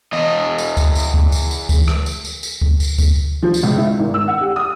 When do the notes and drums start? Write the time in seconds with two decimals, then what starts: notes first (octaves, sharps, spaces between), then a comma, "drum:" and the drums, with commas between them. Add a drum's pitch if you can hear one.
0.13 E2 D#5
0.58 drum: tambourine
0.77 drum: kick D2, tambourine
0.95 drum: tambourine
1.14 drum: kick D2
1.32 drum: tambourine
1.51 drum: tambourine
1.69 drum: kick D2, tambourine
1.88 drum: rim click
2.06 drum: tambourine
2.25 drum: tambourine
2.43 drum: tambourine
2.62 drum: kick D2
2.80 drum: tambourine
2.98 drum: kick D2, tambourine
3.43 F3
3.54 drum: tambourine
3.63 C#2
3.78 E4
3.99 G#1
4.14 E6
4.28 F#5
4.41 G4
4.56 D#6